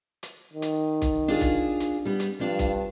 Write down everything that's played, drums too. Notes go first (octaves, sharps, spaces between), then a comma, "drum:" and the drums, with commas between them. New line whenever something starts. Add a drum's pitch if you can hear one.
drum: hi-hat
D#3
drum: hi-hat
drum: kick, hi-hat
D4 F4 G#4
drum: kick, hi-hat
drum: hi-hat
G3 B3
drum: hi-hat
G2 F3 D4 F4
drum: kick, hi-hat